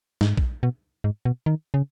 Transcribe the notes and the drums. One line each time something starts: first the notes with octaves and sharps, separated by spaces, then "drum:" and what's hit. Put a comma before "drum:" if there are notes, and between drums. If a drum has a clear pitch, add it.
G#2, drum: snare
drum: kick A#1
B2
G#2
B2
D#3
C#3